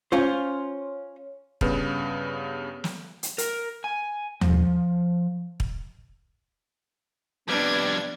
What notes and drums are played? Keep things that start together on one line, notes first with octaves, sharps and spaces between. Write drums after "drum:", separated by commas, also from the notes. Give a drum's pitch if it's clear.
C#4 F4 C5
G2 C#3 B3, drum: kick
drum: snare
drum: hi-hat
A#4, drum: hi-hat
G#5
F3, drum: tom D#2
drum: kick
F2 G3 B3 D4 G#6